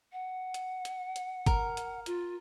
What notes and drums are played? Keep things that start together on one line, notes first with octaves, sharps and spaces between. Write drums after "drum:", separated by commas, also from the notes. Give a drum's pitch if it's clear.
F#5
drum: hi-hat
drum: hi-hat
drum: hi-hat
A#4, drum: kick G#1, hi-hat
drum: hi-hat
F4, drum: hi-hat